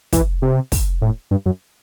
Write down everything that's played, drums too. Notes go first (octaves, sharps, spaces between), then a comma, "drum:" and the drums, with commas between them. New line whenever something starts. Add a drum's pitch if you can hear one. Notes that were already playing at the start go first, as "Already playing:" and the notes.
E3, drum: kick, hi-hat
C3
drum: kick, open hi-hat
A2
G2
F#2